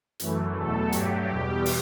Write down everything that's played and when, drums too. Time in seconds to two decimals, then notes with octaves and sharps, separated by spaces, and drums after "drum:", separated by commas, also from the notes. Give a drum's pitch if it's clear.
0.20 F#2 E3 A3, drum: hi-hat
0.56 E2 B2 F#3 A3 A4
0.92 G2 F#3 A3 G4, drum: hi-hat
1.29 E2 B2 G3 G4
1.66 drum: open hi-hat